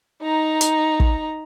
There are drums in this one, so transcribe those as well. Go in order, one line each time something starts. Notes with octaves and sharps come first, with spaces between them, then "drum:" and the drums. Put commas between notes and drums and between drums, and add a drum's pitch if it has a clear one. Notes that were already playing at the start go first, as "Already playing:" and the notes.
D#4 A#5
drum: hi-hat
drum: kick